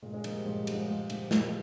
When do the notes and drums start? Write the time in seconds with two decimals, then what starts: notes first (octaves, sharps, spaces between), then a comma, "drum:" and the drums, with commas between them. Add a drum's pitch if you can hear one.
0.02 A#2 G#3
0.13 G#3
0.24 F3 A#3, drum: cymbal
0.34 G3
0.46 A#2 G#3
0.60 G3
0.67 F3, drum: cymbal
0.74 G#3
0.88 A#2 G#3
1.10 F3 G3, drum: cymbal
1.31 A#2 G#3, drum: snare